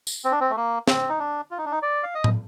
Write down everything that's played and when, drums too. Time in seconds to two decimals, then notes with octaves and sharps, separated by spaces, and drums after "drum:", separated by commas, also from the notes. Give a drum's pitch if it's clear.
0.07 drum: tambourine
0.25 C4
0.32 D4
0.40 C4
0.51 A3
0.56 A#3
0.88 C4, drum: snare
1.09 D#4
1.19 D4
1.51 F4
1.58 D#4
1.65 D4
1.72 D#4
1.82 D5
2.03 F5
2.15 D#5
2.24 drum: tom A2